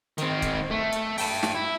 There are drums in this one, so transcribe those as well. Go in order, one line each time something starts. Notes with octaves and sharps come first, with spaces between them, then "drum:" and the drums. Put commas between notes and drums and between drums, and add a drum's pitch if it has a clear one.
D#3 C4, drum: hi-hat
drum: kick, hi-hat
A3
drum: hi-hat
G5 A5, drum: open hi-hat
drum: snare
E4